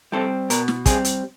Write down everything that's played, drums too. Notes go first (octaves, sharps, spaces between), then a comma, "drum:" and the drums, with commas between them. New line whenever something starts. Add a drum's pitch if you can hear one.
G3 C4 A4
B2 A#4, drum: hi-hat
drum: snare
G3 C4 G#4, drum: kick, hi-hat
drum: hi-hat